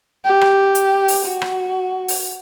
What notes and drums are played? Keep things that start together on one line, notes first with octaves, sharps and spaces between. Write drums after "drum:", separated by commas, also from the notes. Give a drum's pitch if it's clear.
G4
drum: rim click
drum: hi-hat
drum: open hi-hat
F#4
drum: rim click
drum: open hi-hat